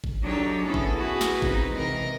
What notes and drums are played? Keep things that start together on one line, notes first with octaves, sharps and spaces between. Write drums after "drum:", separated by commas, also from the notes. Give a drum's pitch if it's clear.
drum: kick G#1
F#3 D4 D#4 G4 A4 C#5
B3 C#4 E4 G#4 A4
drum: kick G#1
E4 F#4 G#4 B4
drum: snare
C#3 C4 D#4 B4, drum: kick G#1
C3 E3 G#3 A#4 D#5